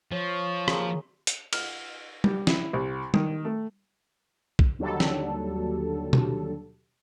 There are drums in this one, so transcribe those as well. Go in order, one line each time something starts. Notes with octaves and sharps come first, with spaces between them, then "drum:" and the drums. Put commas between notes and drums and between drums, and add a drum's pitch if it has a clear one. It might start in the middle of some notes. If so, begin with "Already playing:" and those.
F3 C#5
A#3 G#4, drum: rim click
drum: hi-hat
F6, drum: cymbal
G3, drum: tom
E4, drum: snare
C2
D#3, drum: tom
A3
drum: kick B1
D#2 D3 F#3 G3 A4
drum: snare
drum: tom B2